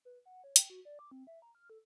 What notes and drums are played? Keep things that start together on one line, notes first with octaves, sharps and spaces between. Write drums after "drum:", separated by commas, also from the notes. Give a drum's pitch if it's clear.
B4
F#5
C#5
G5, drum: hi-hat
F#4
D5
D6
C4
E5
A#5
F6
A4